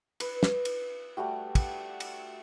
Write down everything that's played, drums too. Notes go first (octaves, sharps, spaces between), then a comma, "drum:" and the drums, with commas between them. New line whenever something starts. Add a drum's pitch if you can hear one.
B4, drum: cymbal
drum: snare
drum: cymbal
G3 A3 F#4 G4
drum: kick, cymbal
drum: cymbal